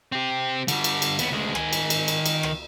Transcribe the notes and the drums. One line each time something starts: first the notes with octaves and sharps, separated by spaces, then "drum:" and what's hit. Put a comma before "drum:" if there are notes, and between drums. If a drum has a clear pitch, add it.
C4 G4
D3 G3, drum: cymbal
drum: cymbal
drum: cymbal
D#2 B3, drum: cymbal
D2 G#3
D#3 G#5, drum: rim click
drum: cymbal
drum: cymbal
drum: cymbal
drum: cymbal
drum: rim click